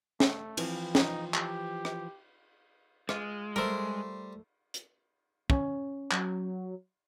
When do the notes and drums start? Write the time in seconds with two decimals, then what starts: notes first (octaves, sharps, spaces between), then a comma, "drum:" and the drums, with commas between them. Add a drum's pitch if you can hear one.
0.20 A3, drum: snare
0.57 E3 F3 C4, drum: cymbal
0.95 D#4, drum: snare
1.34 G4, drum: clap
1.85 drum: rim click
3.09 G#3 F4, drum: rim click
3.56 G3 A3 A#4 C5 C6
4.74 drum: hi-hat
5.50 C#4, drum: kick
6.12 F#3, drum: clap